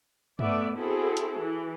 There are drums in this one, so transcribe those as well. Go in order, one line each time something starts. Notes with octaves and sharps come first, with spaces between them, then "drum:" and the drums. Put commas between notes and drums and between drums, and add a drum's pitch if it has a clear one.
A3 B3 D5 E5, drum: tom G2
C4 E4 F#4 G#4 A4
drum: hi-hat
E3